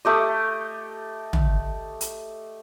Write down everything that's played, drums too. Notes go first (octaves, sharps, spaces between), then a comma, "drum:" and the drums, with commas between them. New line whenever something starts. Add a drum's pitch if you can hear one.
A3 G4 D#5
drum: tom
drum: hi-hat